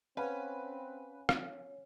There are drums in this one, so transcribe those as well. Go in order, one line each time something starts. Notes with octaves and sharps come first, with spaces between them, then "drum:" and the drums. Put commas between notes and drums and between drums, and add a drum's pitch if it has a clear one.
C4 C#4 B4 F5 F#5
drum: rim click